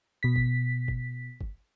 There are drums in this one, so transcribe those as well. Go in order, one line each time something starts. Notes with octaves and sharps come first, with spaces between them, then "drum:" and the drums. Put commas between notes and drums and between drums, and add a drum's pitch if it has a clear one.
B2 B6
drum: kick
drum: kick
drum: kick